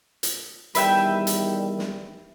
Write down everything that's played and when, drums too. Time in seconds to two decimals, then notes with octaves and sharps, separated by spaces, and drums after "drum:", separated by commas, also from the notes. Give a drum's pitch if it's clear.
0.23 drum: hi-hat
0.75 E2 D#3 G3 B4 E5 G5, drum: hi-hat
1.27 drum: hi-hat
1.79 drum: snare